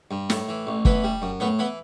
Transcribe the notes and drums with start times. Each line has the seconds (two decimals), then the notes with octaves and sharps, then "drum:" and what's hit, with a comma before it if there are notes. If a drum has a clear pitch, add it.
0.11 G2
0.30 A2, drum: snare
0.49 E3
0.67 A1
0.85 E3 B3 B4, drum: kick
1.04 G3
1.22 F#2
1.40 A2 B3 B4
1.59 E3 B3 B4